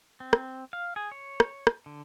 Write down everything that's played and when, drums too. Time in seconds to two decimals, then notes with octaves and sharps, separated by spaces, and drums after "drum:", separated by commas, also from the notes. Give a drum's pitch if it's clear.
0.20 C4
0.33 drum: rim click
0.73 F5
0.96 G#4
1.12 C#5
1.40 drum: rim click
1.67 drum: rim click
1.86 D3